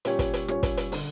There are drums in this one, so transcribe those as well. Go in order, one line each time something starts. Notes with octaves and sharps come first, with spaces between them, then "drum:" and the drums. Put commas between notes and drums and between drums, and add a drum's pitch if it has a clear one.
A#2 G3 C#4 G4 C#5, drum: hi-hat
drum: kick, hi-hat
drum: hi-hat
A#2 G3 C#4 G4 C#5, drum: rim click
drum: kick, hi-hat
drum: hi-hat
D3, drum: open hi-hat